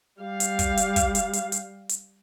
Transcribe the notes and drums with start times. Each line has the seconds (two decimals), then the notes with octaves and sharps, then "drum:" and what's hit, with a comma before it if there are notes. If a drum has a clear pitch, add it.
0.21 G3 F5
0.40 drum: hi-hat
0.59 drum: kick, hi-hat
0.77 drum: hi-hat
0.96 drum: kick, hi-hat
1.15 drum: hi-hat
1.33 drum: hi-hat
1.52 drum: hi-hat
1.89 drum: hi-hat